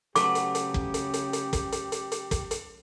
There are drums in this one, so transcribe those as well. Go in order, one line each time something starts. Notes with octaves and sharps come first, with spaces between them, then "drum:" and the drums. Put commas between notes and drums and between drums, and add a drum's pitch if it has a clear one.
C#3 F#3 A3 G4 B4 D6, drum: hi-hat
drum: hi-hat
drum: hi-hat
drum: kick
drum: hi-hat
drum: hi-hat
drum: hi-hat
drum: kick, hi-hat
drum: hi-hat
drum: hi-hat
drum: hi-hat
drum: kick, hi-hat
drum: hi-hat